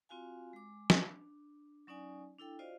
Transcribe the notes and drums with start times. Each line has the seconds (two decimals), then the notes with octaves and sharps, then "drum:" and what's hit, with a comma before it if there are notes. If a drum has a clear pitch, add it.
0.09 C4 F4 F#4 F5 G#5
0.53 G#3 D6
0.90 D4, drum: snare
1.87 F#3 C#4 D#4 D5 G#5
2.38 D4 E4 A4 G5
2.59 F4 F#4 C5 D5 D#5 F5